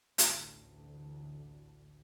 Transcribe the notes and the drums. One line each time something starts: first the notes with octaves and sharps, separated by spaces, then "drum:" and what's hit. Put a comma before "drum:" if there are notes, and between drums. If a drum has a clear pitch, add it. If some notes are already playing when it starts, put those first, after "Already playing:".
A1 D2 D3, drum: hi-hat